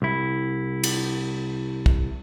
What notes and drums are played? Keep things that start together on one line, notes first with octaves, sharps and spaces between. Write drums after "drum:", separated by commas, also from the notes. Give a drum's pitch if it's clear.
C2 E4
drum: cymbal
drum: kick